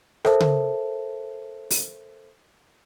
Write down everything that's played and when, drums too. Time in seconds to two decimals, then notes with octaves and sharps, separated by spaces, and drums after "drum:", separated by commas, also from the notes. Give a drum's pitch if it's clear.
0.25 A4 A#4 C5 E5 A5, drum: rim click
0.40 drum: tom C#3
1.71 drum: open hi-hat